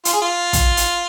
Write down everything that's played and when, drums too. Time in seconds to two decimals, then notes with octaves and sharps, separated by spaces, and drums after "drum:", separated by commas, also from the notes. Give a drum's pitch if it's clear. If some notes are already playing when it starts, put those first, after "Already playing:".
0.05 F4, drum: hi-hat
0.14 G#4
0.22 F4
0.53 drum: kick, hi-hat
0.77 drum: hi-hat